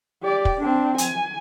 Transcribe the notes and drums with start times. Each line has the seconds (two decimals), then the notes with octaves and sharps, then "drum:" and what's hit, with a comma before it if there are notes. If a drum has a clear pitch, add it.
0.23 G4 D5
0.45 drum: kick
0.59 C4 D4
0.98 G#5, drum: hi-hat